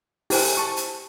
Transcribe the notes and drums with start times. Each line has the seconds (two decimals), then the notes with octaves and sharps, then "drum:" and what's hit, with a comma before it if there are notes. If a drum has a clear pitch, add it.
0.30 E4 G4 C5 G#5, drum: open hi-hat
0.57 A5 C#6
0.76 drum: hi-hat